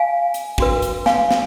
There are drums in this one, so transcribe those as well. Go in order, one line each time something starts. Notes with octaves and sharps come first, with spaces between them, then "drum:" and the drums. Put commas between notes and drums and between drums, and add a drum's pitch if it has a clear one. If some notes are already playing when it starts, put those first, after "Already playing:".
Already playing: F5 G#5
drum: hi-hat
D4 F#4 B4, drum: kick
drum: hi-hat
F5 G#5, drum: snare
drum: snare